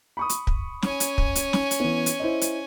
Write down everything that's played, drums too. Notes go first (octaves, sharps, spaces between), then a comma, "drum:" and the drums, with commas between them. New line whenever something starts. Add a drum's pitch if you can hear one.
B5 C#6 D#6
drum: hi-hat
drum: kick
C#4 G#5, drum: snare
drum: hi-hat
drum: kick
drum: hi-hat
drum: snare
drum: hi-hat
E3 B3
drum: hi-hat
E4 C5 D#5
drum: hi-hat